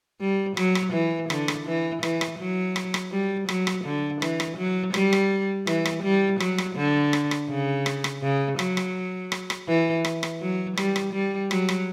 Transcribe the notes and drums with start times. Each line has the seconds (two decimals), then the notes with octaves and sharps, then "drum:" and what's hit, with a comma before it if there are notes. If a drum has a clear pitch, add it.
0.21 G3
0.57 F#3, drum: rim click
0.75 drum: rim click
0.94 E3
1.30 D3, drum: rim click
1.48 drum: rim click
1.67 E3
2.03 E3, drum: rim click
2.21 drum: rim click
2.39 F#3
2.76 drum: rim click
2.94 drum: rim click
3.12 G3
3.49 F#3, drum: rim click
3.67 drum: rim click
3.85 D3
4.22 E3, drum: rim click
4.40 drum: rim click
4.58 F#3
4.94 G3, drum: rim click
5.13 drum: rim click
5.67 E3, drum: rim click
5.85 drum: rim click
6.04 G3
6.40 F#3, drum: rim click
6.58 drum: rim click
6.76 D3
7.13 drum: rim click
7.31 drum: rim click
7.50 C#3
7.86 drum: rim click
8.04 drum: rim click
8.23 C#3
8.59 F#3, drum: rim click
8.77 drum: rim click
9.32 drum: rim click
9.50 drum: rim click
9.68 E3
10.05 drum: rim click
10.23 drum: rim click
10.42 F#3
10.77 G3, drum: rim click
10.96 drum: rim click
11.14 G3
11.51 F#3, drum: rim click
11.69 drum: rim click